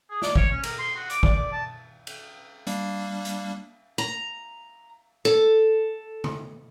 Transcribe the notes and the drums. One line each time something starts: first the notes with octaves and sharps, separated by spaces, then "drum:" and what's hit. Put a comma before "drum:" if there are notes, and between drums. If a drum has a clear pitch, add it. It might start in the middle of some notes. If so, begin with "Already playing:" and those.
G#4
D5, drum: snare
C#5, drum: kick
C#4
A#4, drum: cymbal
C6
F#4
D6, drum: hi-hat
D5, drum: kick
D5
A5
drum: cymbal
G3 A#3 D4, drum: hi-hat
drum: hi-hat
A#5
A4
drum: tom C3